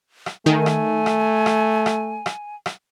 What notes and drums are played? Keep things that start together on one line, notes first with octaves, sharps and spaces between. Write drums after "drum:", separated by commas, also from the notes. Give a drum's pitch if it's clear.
drum: rim click
D#3 A3 G#5
drum: rim click
drum: rim click
drum: rim click
drum: rim click
drum: rim click
drum: rim click